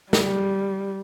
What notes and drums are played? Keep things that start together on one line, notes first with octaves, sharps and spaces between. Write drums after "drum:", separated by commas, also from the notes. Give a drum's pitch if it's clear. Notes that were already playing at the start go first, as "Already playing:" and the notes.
G3, drum: snare